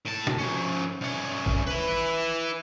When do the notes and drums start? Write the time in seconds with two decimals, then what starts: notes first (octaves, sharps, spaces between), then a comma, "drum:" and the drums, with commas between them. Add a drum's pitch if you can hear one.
0.05 A2 A5
0.27 drum: snare
0.39 F3 C#4
1.01 C2 C#4
1.46 drum: kick
1.67 E4 B4